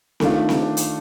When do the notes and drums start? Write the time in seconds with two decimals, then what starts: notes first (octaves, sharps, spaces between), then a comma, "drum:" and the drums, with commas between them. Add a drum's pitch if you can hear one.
0.20 D#3 A3 D4 F4, drum: snare C4
0.49 drum: snare C4
0.77 drum: hi-hat